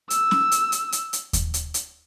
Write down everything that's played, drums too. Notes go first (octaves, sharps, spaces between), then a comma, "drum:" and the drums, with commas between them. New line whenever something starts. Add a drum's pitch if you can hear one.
E6, drum: hi-hat
drum: snare C#4
drum: hi-hat
drum: hi-hat
drum: hi-hat
drum: hi-hat
drum: kick D#2, hi-hat
drum: hi-hat
drum: hi-hat